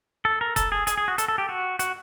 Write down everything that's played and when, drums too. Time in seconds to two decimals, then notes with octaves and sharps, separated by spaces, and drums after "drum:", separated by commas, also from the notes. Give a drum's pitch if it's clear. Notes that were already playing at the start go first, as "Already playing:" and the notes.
0.25 A4
0.41 A#4
0.56 A4, drum: kick F1, hi-hat
0.72 G#4
0.87 G#4, drum: hi-hat
0.98 G#4
1.08 F#4
1.18 A4, drum: hi-hat
1.28 A4
1.38 G4
1.49 F#4
1.79 F#4, drum: hi-hat